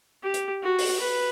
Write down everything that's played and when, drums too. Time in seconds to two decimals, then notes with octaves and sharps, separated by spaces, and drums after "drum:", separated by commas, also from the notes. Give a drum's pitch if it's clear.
0.23 G4
0.34 drum: hi-hat
0.63 F#4
0.79 drum: open hi-hat
1.00 B4